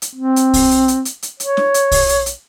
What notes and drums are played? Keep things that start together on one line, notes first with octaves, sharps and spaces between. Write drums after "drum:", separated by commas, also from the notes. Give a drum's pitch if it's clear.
drum: hi-hat
C4
drum: hi-hat
drum: kick, open hi-hat
drum: hi-hat
drum: hi-hat
drum: hi-hat
drum: hi-hat
C#5, drum: hi-hat
drum: snare
drum: hi-hat
drum: kick, open hi-hat
drum: hi-hat
drum: hi-hat